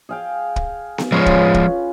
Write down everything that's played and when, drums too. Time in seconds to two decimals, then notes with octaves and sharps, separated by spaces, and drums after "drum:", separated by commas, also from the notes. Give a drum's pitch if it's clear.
0.09 G#4 F5 G5
0.56 drum: kick
0.98 drum: snare B3
1.12 F3 G#3 C#4 F4 B4
1.26 drum: kick
1.54 drum: kick